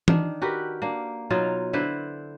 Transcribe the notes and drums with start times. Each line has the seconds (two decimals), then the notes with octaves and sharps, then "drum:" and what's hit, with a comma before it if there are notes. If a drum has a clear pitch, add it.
0.08 D#3 D4, drum: tom E3
0.42 F#4 G4 A#4 B4
0.82 A#3 D4
1.30 B2 F#3 D#4 F4
1.73 D3 E4 B4 C5